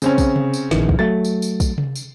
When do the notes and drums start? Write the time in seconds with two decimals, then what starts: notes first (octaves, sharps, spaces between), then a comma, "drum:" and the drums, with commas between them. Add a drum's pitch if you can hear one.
0.02 C#3 C4 C#4, drum: tambourine
0.18 drum: kick, tambourine
0.36 drum: tom C3
0.54 drum: tambourine
0.71 A#1 D#3 E3, drum: snare
0.89 drum: kick
0.99 F#3 A3 A6
1.25 drum: tambourine
1.42 drum: tambourine
1.60 drum: kick, tambourine
1.78 drum: tom C3
1.96 drum: tambourine